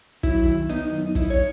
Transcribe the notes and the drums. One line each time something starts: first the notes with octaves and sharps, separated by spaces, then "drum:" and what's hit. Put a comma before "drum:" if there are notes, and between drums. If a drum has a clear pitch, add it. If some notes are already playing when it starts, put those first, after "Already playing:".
F#3 E4, drum: kick, hi-hat
D#3
B3 D#4, drum: hi-hat
F#2
D#4 E4, drum: kick, hi-hat
C#5